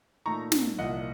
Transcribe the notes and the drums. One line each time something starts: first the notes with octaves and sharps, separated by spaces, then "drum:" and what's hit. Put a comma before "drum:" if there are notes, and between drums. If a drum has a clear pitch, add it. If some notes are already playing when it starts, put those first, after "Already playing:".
A#2 A3 D#4 A#5 C#6
drum: snare
C2 A#2 F3 D#5 F#5